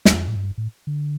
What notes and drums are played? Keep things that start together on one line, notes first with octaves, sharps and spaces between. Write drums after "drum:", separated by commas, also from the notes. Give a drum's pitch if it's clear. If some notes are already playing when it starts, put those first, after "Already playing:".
E2, drum: snare
F2
A2
G2
A2
D3